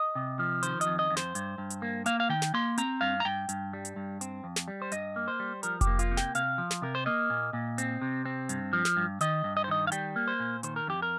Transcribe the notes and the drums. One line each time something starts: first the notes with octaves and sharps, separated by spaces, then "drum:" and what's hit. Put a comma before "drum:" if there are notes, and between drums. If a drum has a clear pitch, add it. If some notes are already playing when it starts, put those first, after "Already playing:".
Already playing: D#5
C3
F3
D#3 C5, drum: hi-hat
D#5, drum: hi-hat
F2
D#5
F2
C5, drum: snare
G2, drum: hi-hat
G2
drum: hi-hat
A#3
A#3 F5, drum: hi-hat
F5
D#3 G5
drum: snare
A#3 C6
C4 A#5, drum: hi-hat
G2 F5
A#5
G2 G5
G2, drum: hi-hat
G3
drum: hi-hat
G2
C4, drum: hi-hat
F2
drum: snare
G3
C5
G2 D#5, drum: hi-hat
A#3
C5
G3
F3 A#4, drum: hi-hat
G4, drum: kick F1, hi-hat
A#3
F4, drum: hi-hat
C3
G5, drum: snare
C3 F5, drum: hi-hat
F3
drum: snare
C3 A#4
C5
A#3 D#5
A#2
A#2
C4, drum: hi-hat
C3
C4
G2, drum: hi-hat
F3
drum: snare
G2
D#3 D#5, drum: hi-hat
G2
D#5
C5
D#3 D#5
F5
G3 G5, drum: hi-hat
A#3
C5
A#2
D#3 C5, drum: hi-hat
A#4
F2 G4
A#4